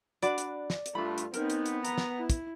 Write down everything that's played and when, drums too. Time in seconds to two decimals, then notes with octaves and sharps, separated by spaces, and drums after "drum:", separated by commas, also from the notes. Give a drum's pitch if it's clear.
0.22 D4 F#4 D5 B5, drum: hi-hat
0.38 drum: hi-hat
0.70 drum: snare
0.86 drum: hi-hat
0.95 G2 A3 D4 F4 B5
1.18 drum: hi-hat
1.34 B3 C4 D#4 A#4, drum: hi-hat
1.50 drum: hi-hat
1.66 drum: hi-hat
1.85 A#5, drum: hi-hat
1.98 drum: snare
2.17 E4
2.30 drum: kick, hi-hat